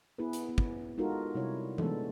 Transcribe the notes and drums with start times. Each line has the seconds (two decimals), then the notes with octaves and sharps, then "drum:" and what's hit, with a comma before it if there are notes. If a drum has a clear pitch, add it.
0.19 B3 E4 G#4 B4
0.33 drum: hi-hat
0.49 B3
0.58 drum: kick
0.97 G#3 D#4 F4 F#4 A4 A#4
1.35 C3 G3 E4 C#5
1.78 G#3 A3 B3 D4 A4, drum: tom E3